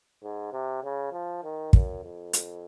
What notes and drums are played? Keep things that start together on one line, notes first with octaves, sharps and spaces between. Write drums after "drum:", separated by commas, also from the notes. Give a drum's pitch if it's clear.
G#2
C3
C#3
F3
D#3
F#2, drum: kick
F2
drum: hi-hat